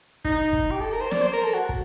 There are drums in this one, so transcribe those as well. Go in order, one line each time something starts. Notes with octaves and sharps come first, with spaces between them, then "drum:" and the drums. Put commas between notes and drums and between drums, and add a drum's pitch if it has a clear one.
D#4, drum: kick
drum: kick
G4
A4
A#4
C5
D5, drum: snare
C5
A#4
A4
F#4
drum: kick